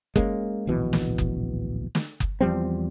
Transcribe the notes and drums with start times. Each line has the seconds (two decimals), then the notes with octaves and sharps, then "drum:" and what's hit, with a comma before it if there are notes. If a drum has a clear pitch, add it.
0.16 G#3 A#3 C#4, drum: kick F#1
0.67 D1 A#1 B2 E3
0.93 drum: snare
1.18 drum: kick F#1
1.95 drum: snare
2.20 drum: kick F#1
2.41 E2 F3 G3 C4